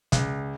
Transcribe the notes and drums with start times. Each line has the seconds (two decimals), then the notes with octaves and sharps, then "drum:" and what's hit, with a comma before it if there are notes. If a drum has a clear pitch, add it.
0.12 C#2, drum: kick, hi-hat